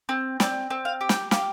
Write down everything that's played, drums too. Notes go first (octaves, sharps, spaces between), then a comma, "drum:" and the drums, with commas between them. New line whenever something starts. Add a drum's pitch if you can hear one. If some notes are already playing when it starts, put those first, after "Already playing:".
C4
C4 D5, drum: snare
C4
F5
G4
G5, drum: snare
G4 F5, drum: snare